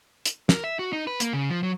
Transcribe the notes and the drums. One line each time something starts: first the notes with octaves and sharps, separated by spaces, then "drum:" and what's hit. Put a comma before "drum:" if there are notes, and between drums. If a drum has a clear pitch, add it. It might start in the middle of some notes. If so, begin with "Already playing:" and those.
drum: hi-hat
A#4, drum: snare
E5
F#4
D#4
B4
A#3, drum: hi-hat
C#3
F3
F#3